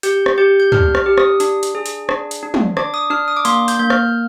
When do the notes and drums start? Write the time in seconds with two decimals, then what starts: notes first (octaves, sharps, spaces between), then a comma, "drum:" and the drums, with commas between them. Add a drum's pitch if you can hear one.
0.03 G4 G6, drum: hi-hat
0.26 drum: rim click
0.38 G4 G6
0.60 G6
0.72 D4 F6, drum: tom
0.95 F6, drum: rim click
1.06 G4
1.18 D#6, drum: rim click
1.40 D4, drum: hi-hat
1.63 drum: hi-hat
1.75 G#4
1.86 drum: hi-hat
2.09 D4, drum: rim click
2.31 drum: hi-hat
2.43 D4
2.54 drum: tom
2.77 D4 D6, drum: rim click
2.94 D#6
3.10 D4 F6
3.28 D#6
3.37 D6
3.45 A#3 C6, drum: hi-hat
3.68 G6, drum: hi-hat
3.79 A#3 G6
3.90 F6, drum: rim click